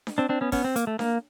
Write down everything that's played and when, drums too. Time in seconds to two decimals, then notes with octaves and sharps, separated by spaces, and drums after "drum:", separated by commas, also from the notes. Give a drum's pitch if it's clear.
0.07 drum: snare D4
0.18 C4 D4
0.29 C4 D4
0.41 B3 C#4
0.52 B3 C#4, drum: kick, open hi-hat
0.64 C4
0.76 A#3, drum: hi-hat
0.87 A3
0.99 A#3, drum: snare D4